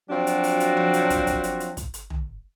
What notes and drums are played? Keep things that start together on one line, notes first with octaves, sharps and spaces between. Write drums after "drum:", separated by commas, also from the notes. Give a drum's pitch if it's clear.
F3 F#3 C4 D4 F#4
drum: hi-hat
drum: open hi-hat
drum: hi-hat
drum: tom F3
drum: hi-hat
drum: kick, hi-hat
drum: kick, hi-hat
drum: hi-hat
drum: hi-hat
drum: kick, hi-hat
drum: hi-hat
drum: tom